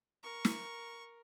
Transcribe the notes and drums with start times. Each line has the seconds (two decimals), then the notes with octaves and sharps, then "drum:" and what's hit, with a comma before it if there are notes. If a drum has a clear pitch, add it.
0.23 A#4 C#6
0.45 drum: snare